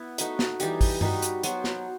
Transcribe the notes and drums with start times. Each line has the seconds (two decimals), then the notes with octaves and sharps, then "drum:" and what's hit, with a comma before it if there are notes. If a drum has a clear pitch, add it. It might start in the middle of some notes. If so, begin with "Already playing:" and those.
Already playing: B3 E4
0.18 A3 D#4 F#4 B4, drum: hi-hat
0.39 drum: snare
0.60 E3 G3 D#4 G4, drum: hi-hat
0.81 drum: kick G#1, open hi-hat
1.01 G3 D#4 F#4 B4, drum: tom G2
1.22 drum: hi-hat
1.43 F#3 B3 F#4 C5, drum: hi-hat
1.64 drum: snare